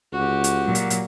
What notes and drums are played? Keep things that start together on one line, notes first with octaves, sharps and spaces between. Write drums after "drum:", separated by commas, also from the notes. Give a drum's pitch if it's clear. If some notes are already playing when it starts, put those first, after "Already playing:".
C#2 F#4 G4
drum: hi-hat
A#2 F#3
drum: hi-hat
drum: hi-hat